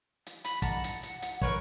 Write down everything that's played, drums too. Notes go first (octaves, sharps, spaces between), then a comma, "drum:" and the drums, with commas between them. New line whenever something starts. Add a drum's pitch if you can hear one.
drum: hi-hat
B5, drum: hi-hat
F#5 A5 A#5, drum: kick, hi-hat
drum: hi-hat
drum: hi-hat
drum: hi-hat
A#4 B4 C#5 C#6, drum: kick